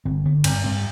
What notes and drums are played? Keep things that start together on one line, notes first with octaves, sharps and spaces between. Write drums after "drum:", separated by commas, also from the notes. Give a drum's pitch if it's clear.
G1 C4
D3 B3
G2 C4, drum: cymbal
G2 C4